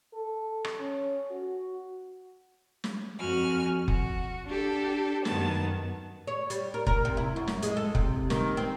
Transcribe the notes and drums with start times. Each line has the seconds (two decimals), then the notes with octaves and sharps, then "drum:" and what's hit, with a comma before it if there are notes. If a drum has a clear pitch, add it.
0.13 A4
0.65 drum: rim click
0.79 C#4
1.31 F#4
2.84 drum: snare
3.20 F2 F#4 G#5 F6
3.88 F#4, drum: kick F1
4.46 D4 G4 A4
5.25 F#2 D#3 B3 A5, drum: snare
6.27 C#5
6.50 G3, drum: hi-hat
6.74 A#4
6.87 A#4, drum: kick F1
7.05 C3
7.17 E4
7.36 F#2
7.47 drum: snare
7.63 G#3, drum: hi-hat
7.77 A4
7.95 C3, drum: kick F1
8.30 D#3, drum: snare
8.57 C4